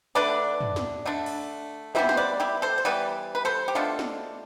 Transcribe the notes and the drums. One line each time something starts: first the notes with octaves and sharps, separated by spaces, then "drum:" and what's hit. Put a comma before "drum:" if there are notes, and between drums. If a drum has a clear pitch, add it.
D3 A3 D4 B4 D5
drum: tom
drum: snare
D3 A3 D4
drum: cymbal
E3 G3 B3 C5 E5, drum: tom
C5, drum: snare
B4 D5
E4 G4
A4 C5
C5
E3 G3 B3 B4 D5
B4
A4 C5
G4
B2 A3 D4 F4 A4
drum: snare